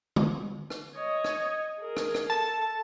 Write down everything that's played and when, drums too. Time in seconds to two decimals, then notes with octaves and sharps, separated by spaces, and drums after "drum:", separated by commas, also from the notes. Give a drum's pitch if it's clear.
0.16 drum: tom D3
0.70 drum: rim click
0.96 C#5 D#5
1.24 drum: rim click
1.79 G#4 A#4
1.97 drum: rim click
2.15 drum: rim click
2.30 A4 A5